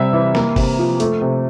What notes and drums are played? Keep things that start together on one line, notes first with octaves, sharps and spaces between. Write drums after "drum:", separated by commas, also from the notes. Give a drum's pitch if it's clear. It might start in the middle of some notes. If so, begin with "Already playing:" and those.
Already playing: C3 G3 E5
E3
A#3, drum: snare F#3
C3, drum: kick, open hi-hat
F3
A3, drum: hi-hat
C3